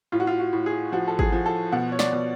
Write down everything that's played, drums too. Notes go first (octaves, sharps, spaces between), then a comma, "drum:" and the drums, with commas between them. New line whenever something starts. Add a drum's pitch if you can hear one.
A2 F4
F#4
F4
F#4
A2
G#4
F3 F#4
A4
G#4, drum: kick G#1
F3
A4
B2 F#5
C#5
D5, drum: snare
B2